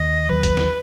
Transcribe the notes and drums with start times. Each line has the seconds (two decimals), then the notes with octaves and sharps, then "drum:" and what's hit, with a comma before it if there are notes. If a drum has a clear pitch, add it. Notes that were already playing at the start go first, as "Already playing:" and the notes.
Already playing: D#2 D#3 D#5
0.29 D#2 D#3 F#3 B4
0.43 drum: kick, hi-hat
0.57 drum: snare